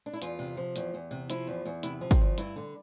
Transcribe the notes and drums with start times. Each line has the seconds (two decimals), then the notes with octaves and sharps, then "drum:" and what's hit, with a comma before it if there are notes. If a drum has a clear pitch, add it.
0.06 D4
0.13 E4
0.22 E2 F4, drum: hi-hat
0.39 C3
0.57 F3
0.76 E2, drum: hi-hat
0.94 E2
1.11 C3
1.30 F3 E4, drum: hi-hat
1.47 E2
1.65 E2
1.83 C3 E4, drum: hi-hat
2.01 F3
2.11 C4, drum: kick, hi-hat
2.20 E2
2.38 G2 E4, drum: hi-hat
2.56 D3